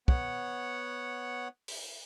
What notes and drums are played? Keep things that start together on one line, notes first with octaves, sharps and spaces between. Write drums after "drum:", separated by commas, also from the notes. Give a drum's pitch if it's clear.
B3 C#5 F#5, drum: kick
drum: open hi-hat